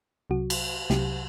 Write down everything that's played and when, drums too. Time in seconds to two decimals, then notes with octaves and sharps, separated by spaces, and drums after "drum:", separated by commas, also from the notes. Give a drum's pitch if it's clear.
0.30 C2 C3 F#3 F#4
0.50 drum: cymbal
0.90 C2 C3 F#3 G4, drum: snare